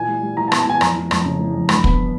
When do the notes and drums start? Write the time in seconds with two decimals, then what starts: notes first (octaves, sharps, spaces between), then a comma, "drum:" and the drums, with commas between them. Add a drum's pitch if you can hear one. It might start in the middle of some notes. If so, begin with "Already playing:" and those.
Already playing: A#2 E3 G#5
0.09 G3
0.23 G3
0.37 E3 A#5
0.48 A5
0.52 B3, drum: rim click
0.59 A5
0.66 E3 G#5
0.81 F2 A#5, drum: rim click
0.96 E3
1.11 F2, drum: rim click
1.25 C#3
1.39 E3
1.54 F2
1.69 G2 B5, drum: rim click
1.84 B3, drum: kick